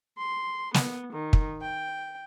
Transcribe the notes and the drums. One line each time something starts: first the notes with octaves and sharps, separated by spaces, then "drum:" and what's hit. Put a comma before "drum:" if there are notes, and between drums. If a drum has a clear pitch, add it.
C6
B3, drum: snare
D#3
drum: kick
G5